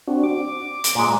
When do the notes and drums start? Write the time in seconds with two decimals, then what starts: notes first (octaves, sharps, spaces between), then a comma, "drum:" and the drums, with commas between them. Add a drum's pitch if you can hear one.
0.07 C4 D4 F#4
0.24 D6
0.84 drum: hi-hat
0.95 A#2 G#3